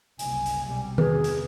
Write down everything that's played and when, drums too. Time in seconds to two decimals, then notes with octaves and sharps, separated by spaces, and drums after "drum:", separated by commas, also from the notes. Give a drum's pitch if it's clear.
0.19 F#1 C2 G#5, drum: hi-hat
0.46 drum: hi-hat
0.66 B1 C3 G3
0.98 E2 C3 G#4 B4, drum: tom D#3
1.24 drum: hi-hat